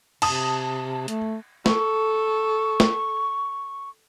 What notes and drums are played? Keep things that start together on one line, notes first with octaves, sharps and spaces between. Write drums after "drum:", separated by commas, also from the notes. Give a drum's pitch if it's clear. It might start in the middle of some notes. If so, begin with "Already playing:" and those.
C3 A5 D#6, drum: cymbal
A3, drum: hi-hat
A4 C#6, drum: snare
drum: snare